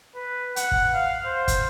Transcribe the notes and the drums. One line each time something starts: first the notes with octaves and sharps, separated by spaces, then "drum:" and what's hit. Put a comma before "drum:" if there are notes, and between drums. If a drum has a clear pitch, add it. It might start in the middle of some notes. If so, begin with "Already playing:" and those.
B4
F#5, drum: hi-hat
drum: kick
F5
C5
drum: kick, hi-hat